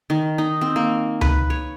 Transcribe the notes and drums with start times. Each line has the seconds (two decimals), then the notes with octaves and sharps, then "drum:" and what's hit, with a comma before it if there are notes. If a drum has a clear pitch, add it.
0.10 D#3
0.38 D#4
0.61 C4
0.76 A#3
1.21 B4, drum: tom C#2
1.50 C#5